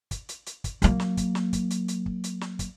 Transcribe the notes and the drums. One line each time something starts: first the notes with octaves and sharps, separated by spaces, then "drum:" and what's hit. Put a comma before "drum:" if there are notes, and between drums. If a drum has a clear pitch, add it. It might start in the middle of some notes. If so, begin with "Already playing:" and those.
drum: kick, hi-hat
drum: hi-hat
drum: hi-hat
drum: kick, hi-hat
F#3 A#3, drum: hi-hat
drum: snare
drum: kick, hi-hat
drum: snare
drum: kick, hi-hat
drum: hi-hat
drum: hi-hat
drum: kick
drum: hi-hat
drum: snare
drum: kick, hi-hat